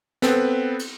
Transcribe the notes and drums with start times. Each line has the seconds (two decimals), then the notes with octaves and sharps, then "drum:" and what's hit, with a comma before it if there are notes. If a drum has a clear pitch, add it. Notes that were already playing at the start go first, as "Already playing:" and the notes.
0.22 B3 C4 A4 B4, drum: snare
0.79 drum: cymbal